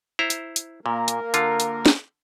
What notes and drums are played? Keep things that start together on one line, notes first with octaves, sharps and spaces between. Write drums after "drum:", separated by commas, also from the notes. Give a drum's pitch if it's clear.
E4 C5 A#5
drum: hi-hat
drum: hi-hat
A#2 A#3 A#4
drum: hi-hat
D3 F4, drum: hi-hat
drum: hi-hat
drum: snare